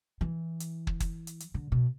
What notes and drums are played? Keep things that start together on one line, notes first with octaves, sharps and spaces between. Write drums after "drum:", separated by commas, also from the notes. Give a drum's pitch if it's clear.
E3
drum: hi-hat
drum: kick
drum: kick, hi-hat
drum: hi-hat
drum: hi-hat
D3
B2